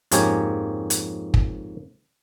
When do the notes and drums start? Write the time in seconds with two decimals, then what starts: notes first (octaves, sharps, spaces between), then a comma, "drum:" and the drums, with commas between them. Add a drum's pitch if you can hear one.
0.11 F2 G#2 A#3 C#4 G4 G#5, drum: hi-hat
0.90 drum: hi-hat
1.34 drum: kick